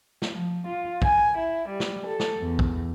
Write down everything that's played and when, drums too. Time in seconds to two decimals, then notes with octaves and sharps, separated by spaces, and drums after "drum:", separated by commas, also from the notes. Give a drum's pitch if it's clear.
0.22 drum: snare
0.31 F3
0.67 F4
1.02 G#5, drum: kick A#1
1.37 E4
1.69 G3
1.80 drum: snare
2.06 A4
2.19 drum: snare
2.39 E2
2.59 drum: kick A#1